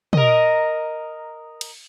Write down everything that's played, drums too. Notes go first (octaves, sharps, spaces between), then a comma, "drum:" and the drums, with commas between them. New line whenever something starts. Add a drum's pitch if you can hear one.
A#4 D#5, drum: tom
drum: cymbal